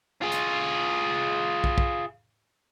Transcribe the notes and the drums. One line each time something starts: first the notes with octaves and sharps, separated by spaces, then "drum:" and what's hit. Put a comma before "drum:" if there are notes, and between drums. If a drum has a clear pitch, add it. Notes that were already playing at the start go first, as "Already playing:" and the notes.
F4 G#4
drum: hi-hat
drum: kick
drum: kick